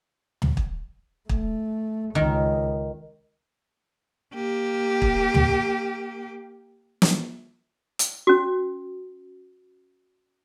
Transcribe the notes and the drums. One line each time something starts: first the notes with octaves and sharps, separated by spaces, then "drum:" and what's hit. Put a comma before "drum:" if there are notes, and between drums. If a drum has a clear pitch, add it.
drum: tom
drum: kick
A3, drum: kick
C#2 D#3
A#3 G4
drum: kick
drum: tom
drum: snare
drum: hi-hat
C#4 F#4